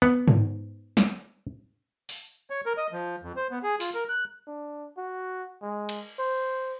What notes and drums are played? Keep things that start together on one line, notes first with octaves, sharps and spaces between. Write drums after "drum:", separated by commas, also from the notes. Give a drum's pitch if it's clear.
B3 F#5
drum: tom G#2
drum: snare
drum: open hi-hat
C#5
A#4
D#5
F3
F2
C5
B3
G#4
F4, drum: open hi-hat
A#4
F#6
D4
F#4
G#3
drum: cymbal
C5